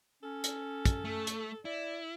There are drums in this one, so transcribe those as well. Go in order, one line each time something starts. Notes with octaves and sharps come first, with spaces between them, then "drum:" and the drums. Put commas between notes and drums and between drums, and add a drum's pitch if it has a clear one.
C#4 A4
drum: hi-hat
drum: kick, hi-hat
A3
drum: hi-hat
E4 D5